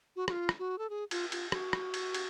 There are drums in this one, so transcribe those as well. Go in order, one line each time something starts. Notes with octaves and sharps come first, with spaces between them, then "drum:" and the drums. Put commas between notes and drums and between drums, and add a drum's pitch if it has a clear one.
F#4
F#4, drum: rim click
F4
drum: rim click
F#4
A4
G#4
F4, drum: cymbal
F4, drum: cymbal
F#4, drum: rim click
drum: rim click
drum: cymbal
drum: cymbal